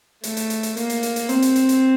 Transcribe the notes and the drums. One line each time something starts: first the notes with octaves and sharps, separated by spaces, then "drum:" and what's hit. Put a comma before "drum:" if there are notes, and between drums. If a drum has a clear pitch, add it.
A3, drum: hi-hat
drum: hi-hat
drum: hi-hat
drum: hi-hat
A#3, drum: hi-hat
drum: hi-hat
drum: hi-hat
drum: hi-hat
C4, drum: hi-hat
drum: hi-hat
drum: hi-hat
drum: hi-hat